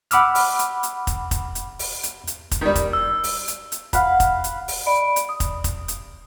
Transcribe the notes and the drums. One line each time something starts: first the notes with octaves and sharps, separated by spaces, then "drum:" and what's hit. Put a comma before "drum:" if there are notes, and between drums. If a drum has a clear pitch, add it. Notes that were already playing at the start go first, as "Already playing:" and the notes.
F#5 B5 D6 E6 F6, drum: hi-hat
drum: open hi-hat
drum: hi-hat
drum: hi-hat
drum: kick F1, hi-hat
drum: kick F1, hi-hat
drum: hi-hat
drum: open hi-hat
drum: hi-hat
drum: hi-hat
drum: kick F1, hi-hat
D#3 G3
drum: kick F1, hi-hat
E6
drum: open hi-hat
drum: hi-hat
drum: hi-hat
F5 F#5 B5, drum: kick F1, hi-hat
drum: kick F1, hi-hat
drum: hi-hat
drum: open hi-hat
D5 D#5 B5 D7
drum: hi-hat
D#6
drum: kick F1, hi-hat
drum: kick F1, hi-hat
drum: hi-hat